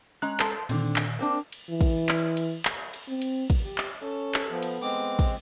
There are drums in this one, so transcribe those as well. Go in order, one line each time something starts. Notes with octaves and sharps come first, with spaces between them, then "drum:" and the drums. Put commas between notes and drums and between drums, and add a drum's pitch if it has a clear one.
G#3 C#4 A#5 F#6
A4 A5 C6, drum: clap
A#2 D3 D#3 C4, drum: cymbal
drum: clap
A#3 C4 D4
drum: cymbal
E3
drum: kick, cymbal
drum: clap
drum: cymbal
drum: clap
drum: cymbal
C4
drum: cymbal
drum: kick, cymbal
G4
drum: clap
C#4 A4
drum: clap
F3 B3
drum: cymbal
G#3 C4 D6
drum: kick, cymbal